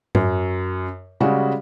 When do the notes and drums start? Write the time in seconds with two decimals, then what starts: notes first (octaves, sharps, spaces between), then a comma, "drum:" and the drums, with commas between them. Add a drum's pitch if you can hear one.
0.15 F#2, drum: tom G#2
1.20 C#3 G3 G#3 F#4